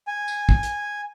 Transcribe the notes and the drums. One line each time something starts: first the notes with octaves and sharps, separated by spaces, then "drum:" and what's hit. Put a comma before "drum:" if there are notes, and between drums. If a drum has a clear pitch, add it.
G#5
drum: tambourine
drum: kick
drum: hi-hat